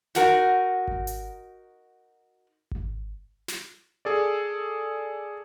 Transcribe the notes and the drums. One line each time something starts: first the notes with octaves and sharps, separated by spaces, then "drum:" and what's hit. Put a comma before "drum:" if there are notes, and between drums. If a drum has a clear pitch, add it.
D#4 F#4 A#4, drum: snare
drum: kick G#1
drum: hi-hat
drum: kick G#1
drum: snare
G#4 A4 D5